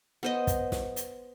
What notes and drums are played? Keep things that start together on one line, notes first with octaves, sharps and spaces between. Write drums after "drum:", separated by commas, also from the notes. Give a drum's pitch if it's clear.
B3 C5 D#5
drum: kick, hi-hat
drum: snare
drum: hi-hat